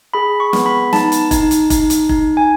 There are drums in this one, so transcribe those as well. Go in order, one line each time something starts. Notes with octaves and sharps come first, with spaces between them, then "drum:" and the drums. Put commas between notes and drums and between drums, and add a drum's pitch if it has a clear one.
G#4 B5
C#6
B3, drum: snare
B5
D#4 A5, drum: snare
drum: hi-hat
D#4, drum: kick F1, hi-hat
drum: hi-hat
D#4, drum: kick F1, hi-hat
drum: hi-hat
D#4, drum: kick F1
G#5